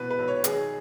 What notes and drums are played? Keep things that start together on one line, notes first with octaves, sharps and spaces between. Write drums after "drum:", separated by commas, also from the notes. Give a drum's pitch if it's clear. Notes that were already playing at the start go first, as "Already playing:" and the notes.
Already playing: B2 E3 B4
B4
B1
C#5
D#3 G#4, drum: hi-hat